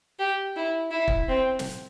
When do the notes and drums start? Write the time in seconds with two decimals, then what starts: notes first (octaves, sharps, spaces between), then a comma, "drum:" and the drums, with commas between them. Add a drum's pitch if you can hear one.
0.19 G4
0.56 E4
0.91 E4
1.08 drum: kick
1.28 C4
1.59 drum: snare